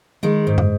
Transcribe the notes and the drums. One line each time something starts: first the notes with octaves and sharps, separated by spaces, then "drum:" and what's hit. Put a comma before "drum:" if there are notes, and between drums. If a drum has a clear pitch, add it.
D#3 G#3
G#2
drum: tom